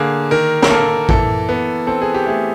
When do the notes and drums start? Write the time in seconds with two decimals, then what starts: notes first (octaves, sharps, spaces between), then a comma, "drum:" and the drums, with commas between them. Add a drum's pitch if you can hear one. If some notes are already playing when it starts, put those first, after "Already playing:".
Already playing: D3 A#3 G#4
0.31 D#3 A#4
0.62 A#4, drum: snare
0.70 A#3 A4
1.09 E3 A4, drum: kick A1
1.49 B3
1.87 C4 A4
2.02 G#4
2.14 G4
2.26 A3 G#4